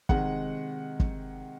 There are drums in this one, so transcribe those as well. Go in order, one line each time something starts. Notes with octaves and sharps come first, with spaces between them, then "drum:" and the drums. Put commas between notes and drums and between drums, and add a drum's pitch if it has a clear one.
C3 D#3 G#3 F#5, drum: kick
drum: kick